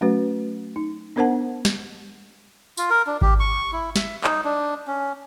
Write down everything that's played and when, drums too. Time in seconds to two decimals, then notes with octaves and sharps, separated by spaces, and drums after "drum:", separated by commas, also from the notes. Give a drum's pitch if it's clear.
0.01 F#3 A3 C#4 F#4 B4
0.76 D#4
1.16 B3 D4 A#4 C5 F#5 A5
1.65 drum: snare
2.77 F4, drum: tambourine
2.90 A#4
3.07 D4
3.21 G4, drum: kick G#1
3.40 C#6
3.73 E4
3.96 E5, drum: snare
4.24 D#4, drum: clap
4.45 D4
4.87 C#4